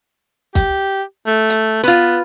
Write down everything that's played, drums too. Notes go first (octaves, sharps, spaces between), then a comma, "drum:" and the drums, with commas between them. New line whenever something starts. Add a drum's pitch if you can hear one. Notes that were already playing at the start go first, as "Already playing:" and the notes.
G4, drum: kick, hi-hat
A3
drum: hi-hat
B3 F4 B4, drum: hi-hat